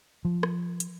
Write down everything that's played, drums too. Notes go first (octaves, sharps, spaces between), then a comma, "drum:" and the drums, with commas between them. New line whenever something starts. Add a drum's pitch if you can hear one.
F3
drum: rim click
drum: hi-hat